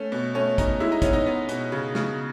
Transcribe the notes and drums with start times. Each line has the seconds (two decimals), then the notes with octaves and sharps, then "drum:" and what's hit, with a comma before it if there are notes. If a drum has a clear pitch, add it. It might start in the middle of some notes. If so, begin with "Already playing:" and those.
Already playing: A3 C#4
0.12 B2
0.35 A3 C#4
0.58 C#4 D#4, drum: kick, hi-hat
0.80 G#3 E4
0.92 D#4
1.02 B3 C#4, drum: kick, hi-hat
1.13 D#4
1.26 B3
1.49 B2, drum: hi-hat
1.72 C#3
1.95 C#3, drum: snare